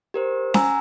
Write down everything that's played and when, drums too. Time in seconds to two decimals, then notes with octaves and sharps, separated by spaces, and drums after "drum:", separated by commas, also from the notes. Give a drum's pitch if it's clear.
0.14 G4 A#4 C5
0.54 F#5 G#5 A#5 E6, drum: snare C#4